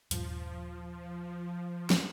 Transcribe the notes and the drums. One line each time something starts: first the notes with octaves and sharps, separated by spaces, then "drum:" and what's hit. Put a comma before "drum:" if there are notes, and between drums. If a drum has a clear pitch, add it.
D#1 G2 F3, drum: hi-hat
drum: snare